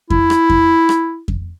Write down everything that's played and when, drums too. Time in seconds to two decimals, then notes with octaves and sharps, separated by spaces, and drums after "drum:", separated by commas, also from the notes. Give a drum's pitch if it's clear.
0.10 E4, drum: kick F2
0.30 drum: rim click
0.50 drum: kick F2
0.89 drum: rim click
1.28 drum: kick F2